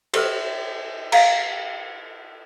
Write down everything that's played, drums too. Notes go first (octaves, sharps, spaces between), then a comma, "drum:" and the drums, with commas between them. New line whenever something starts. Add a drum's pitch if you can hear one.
G4 A4 B4 C5, drum: cymbal
F5 A#5, drum: cymbal